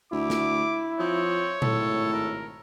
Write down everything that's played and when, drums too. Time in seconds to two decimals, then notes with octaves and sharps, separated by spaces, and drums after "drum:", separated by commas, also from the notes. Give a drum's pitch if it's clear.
0.12 D2 E4 D6
0.30 drum: snare
0.99 F3 C4 C#5
1.62 G#1 A2 A4, drum: tom A#2
2.13 A#4